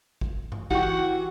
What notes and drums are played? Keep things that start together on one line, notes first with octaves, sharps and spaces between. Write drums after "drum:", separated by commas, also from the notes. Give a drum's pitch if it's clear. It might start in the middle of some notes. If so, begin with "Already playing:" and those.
drum: kick A1
drum: tom G2
E3 F#4 G4 F#5 G5 C#6, drum: kick A1